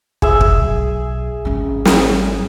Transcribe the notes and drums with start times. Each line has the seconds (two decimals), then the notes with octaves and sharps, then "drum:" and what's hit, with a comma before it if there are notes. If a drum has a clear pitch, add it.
0.22 G#4 E5, drum: kick
0.41 drum: kick
0.51 B1
1.45 G#1 C#4
1.85 drum: snare